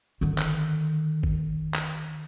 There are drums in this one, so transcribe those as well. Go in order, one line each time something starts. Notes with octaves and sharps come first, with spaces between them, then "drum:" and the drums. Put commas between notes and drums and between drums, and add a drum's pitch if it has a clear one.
D3 D#3
drum: clap
drum: kick G#1
drum: clap